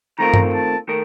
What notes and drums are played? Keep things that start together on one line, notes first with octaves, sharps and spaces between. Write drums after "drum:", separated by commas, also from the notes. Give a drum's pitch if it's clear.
D#3 A3 C4 F4 A#4 A#5
drum: tom G2
A5
D#3 A3 A#4